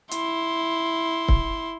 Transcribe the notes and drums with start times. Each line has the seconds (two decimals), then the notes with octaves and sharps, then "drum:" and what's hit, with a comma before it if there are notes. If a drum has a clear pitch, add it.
0.11 E4 C6, drum: hi-hat
1.28 drum: kick